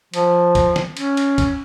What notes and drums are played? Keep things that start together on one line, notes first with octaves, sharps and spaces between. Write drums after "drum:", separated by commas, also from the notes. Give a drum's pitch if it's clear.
F3, drum: cymbal
drum: kick, cymbal
drum: snare
C#4, drum: cymbal
drum: cymbal
drum: kick, cymbal